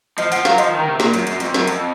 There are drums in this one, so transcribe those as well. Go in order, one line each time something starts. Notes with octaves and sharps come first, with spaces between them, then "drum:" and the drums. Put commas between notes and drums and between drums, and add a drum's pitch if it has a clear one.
F3 D#5, drum: hi-hat
F3 F#5, drum: hi-hat
F#3 F5, drum: snare
F3 D#5, drum: hi-hat
D#3
D#3
C3
A#2, drum: snare
F#2, drum: hi-hat
F#2, drum: hi-hat
F2, drum: hi-hat
F#2, drum: snare
F2, drum: hi-hat